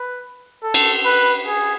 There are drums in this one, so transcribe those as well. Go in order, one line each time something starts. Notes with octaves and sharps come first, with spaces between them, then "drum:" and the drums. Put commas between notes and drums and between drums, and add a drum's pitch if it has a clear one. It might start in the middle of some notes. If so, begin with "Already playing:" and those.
Already playing: B4
A4
drum: cymbal
B4
G#4